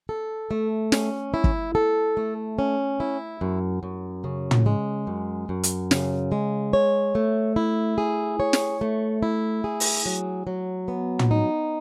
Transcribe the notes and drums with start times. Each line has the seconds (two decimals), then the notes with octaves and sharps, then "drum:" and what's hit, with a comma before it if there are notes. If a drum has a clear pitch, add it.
0.09 A4
0.51 A3
0.92 C#4, drum: snare
1.34 E4
1.44 drum: kick
1.75 A4
2.17 A3
2.59 C#4
3.00 E4
3.41 F#2
3.83 F#2
4.24 C#3
4.51 drum: tom
4.66 G#3
5.07 F#2
5.49 F#2
5.63 drum: hi-hat
5.91 C#3, drum: snare
6.32 G#3
6.73 C#5
7.15 A3
7.56 E4
7.98 G#4
8.40 C#5
8.53 drum: snare
8.81 A3
9.23 E4
9.64 G#4
9.80 drum: open hi-hat
10.06 F#3
10.47 F#3
10.88 B3
11.19 drum: tom
11.31 D#4